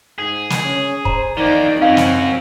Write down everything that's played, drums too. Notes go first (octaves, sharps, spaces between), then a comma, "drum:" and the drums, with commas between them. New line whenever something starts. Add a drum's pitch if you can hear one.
G#2 G#4
drum: snare
C#4
C5 A#5, drum: kick
D#3 A#3 D#4 D5
F#3 C4 C#4 F5
drum: snare